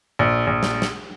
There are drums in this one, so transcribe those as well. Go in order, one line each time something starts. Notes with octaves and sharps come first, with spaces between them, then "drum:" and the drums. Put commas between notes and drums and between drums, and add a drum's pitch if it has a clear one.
A#1
A#1
drum: snare
drum: snare